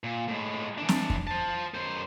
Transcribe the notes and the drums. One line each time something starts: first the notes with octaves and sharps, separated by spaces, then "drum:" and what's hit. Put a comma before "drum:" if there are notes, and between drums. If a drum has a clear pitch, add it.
A#2
A2 G#3
E3 D4
drum: snare
drum: kick F2
C5 A5
F#2 C5